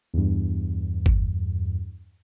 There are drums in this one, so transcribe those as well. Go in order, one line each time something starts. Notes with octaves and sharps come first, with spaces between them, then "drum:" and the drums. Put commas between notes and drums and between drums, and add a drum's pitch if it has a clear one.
E2 G2
drum: kick G1